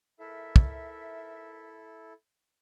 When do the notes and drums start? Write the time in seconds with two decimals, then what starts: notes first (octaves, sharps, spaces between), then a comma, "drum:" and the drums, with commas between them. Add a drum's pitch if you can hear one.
0.20 G#2 E4 A4 A#4 E5
0.56 drum: kick